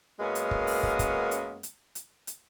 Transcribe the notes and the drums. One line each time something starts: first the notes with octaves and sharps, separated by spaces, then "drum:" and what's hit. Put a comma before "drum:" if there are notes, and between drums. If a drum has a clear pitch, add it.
F#2 G#3 A#3 B3 C#4
drum: hi-hat
drum: kick
drum: open hi-hat
drum: kick
drum: kick, hi-hat
drum: hi-hat
drum: hi-hat
drum: hi-hat
drum: hi-hat